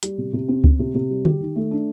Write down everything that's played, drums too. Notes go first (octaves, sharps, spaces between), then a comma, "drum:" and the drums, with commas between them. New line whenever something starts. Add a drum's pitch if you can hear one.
G3, drum: hi-hat
C3
C3
C4
C4, drum: kick C#2
C3
C3
G3
G4, drum: tom D3
D#3
A3
D4